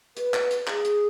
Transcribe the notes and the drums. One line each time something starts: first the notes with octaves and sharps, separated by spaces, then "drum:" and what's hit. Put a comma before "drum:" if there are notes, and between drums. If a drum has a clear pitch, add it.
B4, drum: hi-hat
drum: clap
drum: hi-hat
G#4, drum: clap
drum: hi-hat